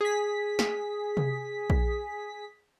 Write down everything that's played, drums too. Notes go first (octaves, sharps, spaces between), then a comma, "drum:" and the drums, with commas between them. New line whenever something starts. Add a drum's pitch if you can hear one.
G#4 B6
drum: snare
drum: tom C3
drum: kick A#1